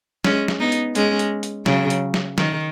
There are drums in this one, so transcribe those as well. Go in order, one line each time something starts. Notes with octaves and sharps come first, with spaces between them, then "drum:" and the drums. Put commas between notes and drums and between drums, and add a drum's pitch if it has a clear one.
G#3 C#4, drum: snare
drum: snare
B3 D#4
drum: hi-hat
G#3 C#4, drum: hi-hat
drum: hi-hat
drum: hi-hat
C#3 F#3, drum: snare
drum: hi-hat
drum: snare
D#3, drum: snare